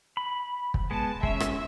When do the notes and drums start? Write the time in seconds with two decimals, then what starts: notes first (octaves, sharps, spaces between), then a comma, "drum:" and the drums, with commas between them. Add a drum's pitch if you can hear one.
0.17 B5
0.74 drum: kick
0.91 G#3 B3 A5
1.23 G#3 C#4 E5, drum: kick
1.40 drum: rim click